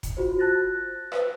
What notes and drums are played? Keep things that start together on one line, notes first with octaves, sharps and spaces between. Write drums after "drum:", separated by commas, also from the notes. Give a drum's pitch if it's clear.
drum: kick F1, hi-hat
F4 F#4 C5
A5 F#6 A6 A#6
B4 C5, drum: rim click